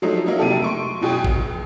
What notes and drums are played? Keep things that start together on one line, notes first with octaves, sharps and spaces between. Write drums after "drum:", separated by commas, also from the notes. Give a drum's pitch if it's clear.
F3 F#3 G#3 A3 D#4
F#3 A#3 C#4 D#4 E4
F2 C3 G4 A4
C6 C#6 D7, drum: tom
F#2 B2 G#4 G5
F1, drum: kick A1